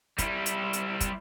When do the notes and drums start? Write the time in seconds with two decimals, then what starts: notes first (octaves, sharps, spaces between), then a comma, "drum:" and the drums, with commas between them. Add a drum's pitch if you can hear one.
0.18 G3 E4, drum: kick, hi-hat
0.46 drum: hi-hat
0.73 drum: hi-hat
1.01 drum: kick, hi-hat